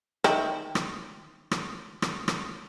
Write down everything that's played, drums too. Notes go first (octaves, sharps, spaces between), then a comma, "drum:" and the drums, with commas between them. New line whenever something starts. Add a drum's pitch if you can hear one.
D#3 E4 G5, drum: rim click
drum: rim click
drum: rim click
drum: rim click
drum: rim click